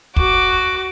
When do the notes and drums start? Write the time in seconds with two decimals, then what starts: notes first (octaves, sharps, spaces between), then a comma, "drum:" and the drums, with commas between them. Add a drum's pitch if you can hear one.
0.16 F#4 D6, drum: kick